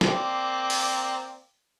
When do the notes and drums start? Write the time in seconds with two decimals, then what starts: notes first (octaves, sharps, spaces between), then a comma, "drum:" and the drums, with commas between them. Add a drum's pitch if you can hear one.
0.01 A#3 C4 D5, drum: snare
0.70 drum: open hi-hat